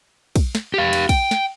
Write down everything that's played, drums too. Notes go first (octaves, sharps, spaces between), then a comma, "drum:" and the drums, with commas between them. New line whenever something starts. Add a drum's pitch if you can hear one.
drum: kick, cymbal
drum: snare
G4 F5
drum: cymbal
G5, drum: kick, cymbal
drum: snare